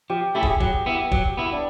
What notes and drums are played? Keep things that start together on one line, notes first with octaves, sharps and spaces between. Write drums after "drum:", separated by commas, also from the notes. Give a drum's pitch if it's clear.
F3 G4
A3 C#4 E4 G4
G#4, drum: kick
G4
F#3, drum: kick
B3 E4
F#3, drum: kick
B3 E4
D4